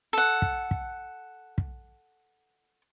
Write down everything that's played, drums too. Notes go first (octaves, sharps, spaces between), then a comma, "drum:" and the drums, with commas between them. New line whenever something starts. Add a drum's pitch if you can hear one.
A4 F#5
drum: kick
drum: kick
drum: kick